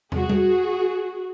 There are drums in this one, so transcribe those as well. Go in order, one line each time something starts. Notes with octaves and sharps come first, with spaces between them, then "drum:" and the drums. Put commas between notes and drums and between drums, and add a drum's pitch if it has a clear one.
F#4 G#4, drum: tom
drum: tom G3